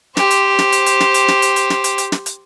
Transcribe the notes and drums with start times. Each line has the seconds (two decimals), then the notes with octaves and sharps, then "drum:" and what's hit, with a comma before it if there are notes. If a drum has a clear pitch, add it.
0.17 G4 C5, drum: snare
0.31 drum: hi-hat
0.59 drum: snare
0.73 drum: hi-hat
0.86 drum: hi-hat
1.00 drum: snare
1.14 drum: hi-hat
1.28 drum: snare
1.42 drum: hi-hat
1.56 drum: hi-hat
1.70 drum: snare
1.84 drum: hi-hat
1.98 drum: hi-hat
2.12 drum: snare
2.26 drum: hi-hat